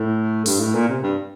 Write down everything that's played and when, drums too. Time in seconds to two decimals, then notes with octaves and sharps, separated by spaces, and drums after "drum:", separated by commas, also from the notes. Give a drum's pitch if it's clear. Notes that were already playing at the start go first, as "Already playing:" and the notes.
Already playing: A2
0.46 G2, drum: open hi-hat
0.60 A2
0.75 A#2
0.89 C3
1.03 G2